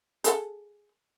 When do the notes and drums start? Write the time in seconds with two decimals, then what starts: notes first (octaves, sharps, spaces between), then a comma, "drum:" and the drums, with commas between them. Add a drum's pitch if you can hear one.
0.24 G#4 A4 F#5, drum: hi-hat